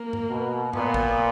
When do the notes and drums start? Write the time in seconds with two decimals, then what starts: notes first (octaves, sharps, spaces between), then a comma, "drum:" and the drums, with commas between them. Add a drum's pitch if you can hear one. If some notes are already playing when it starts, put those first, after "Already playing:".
Already playing: A#3
0.13 drum: tom G2
0.28 B2
0.73 A#2 B3, drum: tom G2
0.94 drum: kick A1